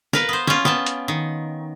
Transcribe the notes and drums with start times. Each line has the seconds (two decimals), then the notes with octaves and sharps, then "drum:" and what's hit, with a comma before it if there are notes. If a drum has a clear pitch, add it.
0.13 A#4 B4 F5, drum: snare
0.29 B3 C5
0.47 C#4 F4, drum: snare
0.65 B3 G5 A5, drum: snare
0.86 drum: hi-hat
1.08 D#3